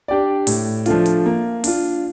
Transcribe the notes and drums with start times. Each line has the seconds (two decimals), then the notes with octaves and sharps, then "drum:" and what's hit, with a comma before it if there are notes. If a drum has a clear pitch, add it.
0.08 D4 G4 D5
0.47 A2, drum: open hi-hat
0.86 F3 A3 D4 F4, drum: hi-hat
1.06 drum: hi-hat
1.26 A#3
1.64 D4 F4, drum: open hi-hat